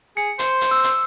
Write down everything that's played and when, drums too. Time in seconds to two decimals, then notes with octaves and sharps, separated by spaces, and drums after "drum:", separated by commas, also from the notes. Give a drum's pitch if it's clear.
0.17 G#4 C#7
0.39 C5, drum: hi-hat
0.61 drum: hi-hat
0.71 E6
0.84 drum: hi-hat